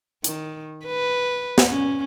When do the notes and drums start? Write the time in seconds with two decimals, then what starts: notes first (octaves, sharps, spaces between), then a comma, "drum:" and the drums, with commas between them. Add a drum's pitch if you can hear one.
0.24 D#3, drum: hi-hat
0.86 B4
1.58 drum: snare
1.68 C#4